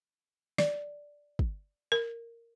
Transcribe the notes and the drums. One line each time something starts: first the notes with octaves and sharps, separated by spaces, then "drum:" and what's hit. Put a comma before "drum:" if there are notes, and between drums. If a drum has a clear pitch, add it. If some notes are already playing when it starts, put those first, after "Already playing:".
D5, drum: snare
drum: kick
A#4